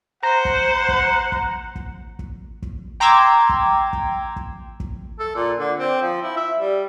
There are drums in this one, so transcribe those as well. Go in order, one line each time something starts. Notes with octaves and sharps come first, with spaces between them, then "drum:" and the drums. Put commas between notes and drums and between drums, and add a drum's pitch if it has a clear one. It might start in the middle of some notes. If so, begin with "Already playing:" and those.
C5 F#5 A#5
drum: kick
drum: kick
drum: kick
drum: kick
drum: kick
drum: kick
G5 A#5 C6 D6 E6 G#6
drum: kick
drum: kick
drum: kick
drum: kick
A4
A#2
D3
C4
F3
E4
E5
G3